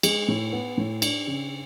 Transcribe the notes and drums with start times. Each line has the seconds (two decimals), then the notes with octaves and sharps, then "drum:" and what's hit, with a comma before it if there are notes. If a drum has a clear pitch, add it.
0.03 G#3, drum: cymbal
0.28 A2
0.53 B3
0.78 A2
1.02 D4, drum: cymbal
1.27 C#3